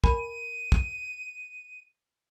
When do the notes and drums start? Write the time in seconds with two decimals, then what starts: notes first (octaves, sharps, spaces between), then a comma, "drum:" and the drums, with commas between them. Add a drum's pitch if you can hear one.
0.04 A#4 G#5 B5 D#7, drum: kick
0.72 drum: kick